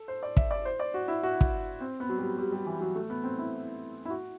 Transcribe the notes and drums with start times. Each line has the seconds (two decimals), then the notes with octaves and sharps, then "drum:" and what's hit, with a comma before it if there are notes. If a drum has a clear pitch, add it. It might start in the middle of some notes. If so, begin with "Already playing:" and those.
Already playing: A4
0.08 C5
0.23 D5
0.37 E5, drum: kick
0.51 D5
0.65 C5
0.80 D5
0.94 F#4
1.08 E4
1.23 F#4
1.41 drum: kick
1.81 C4
2.00 B3
2.09 F#3
2.18 G3
2.38 G3
2.52 G3
2.66 E3
2.81 F#3
2.95 A3
3.10 B3
3.24 C4
3.39 E4
4.05 E4
4.10 F#4